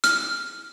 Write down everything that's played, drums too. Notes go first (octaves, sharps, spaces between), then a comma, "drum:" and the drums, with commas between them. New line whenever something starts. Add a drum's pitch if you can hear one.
F6, drum: hi-hat